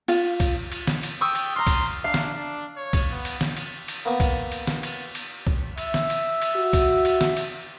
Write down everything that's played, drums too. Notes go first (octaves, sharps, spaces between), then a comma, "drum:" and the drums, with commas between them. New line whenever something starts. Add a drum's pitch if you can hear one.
F4, drum: cymbal
drum: kick, cymbal
drum: cymbal
drum: snare
drum: cymbal
G5 C#6 D#6 E6
drum: cymbal
A#5 C6 F6
drum: kick, cymbal
D4 F5
drum: snare
D4
C#5
drum: kick, cymbal
B3
drum: cymbal
drum: snare
drum: cymbal
drum: cymbal
A#3 B3 C#6
drum: kick, cymbal
drum: cymbal
drum: snare
drum: cymbal
drum: cymbal
drum: kick
E5, drum: cymbal
drum: snare
drum: cymbal
drum: cymbal
F#4
drum: kick, cymbal
drum: cymbal
drum: snare
drum: cymbal